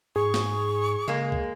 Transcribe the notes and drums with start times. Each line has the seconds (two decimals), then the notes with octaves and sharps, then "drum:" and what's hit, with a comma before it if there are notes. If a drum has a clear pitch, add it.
0.16 G#2 G#4 C#6
0.34 drum: snare
1.08 C#3 G#3 A#3
1.32 drum: kick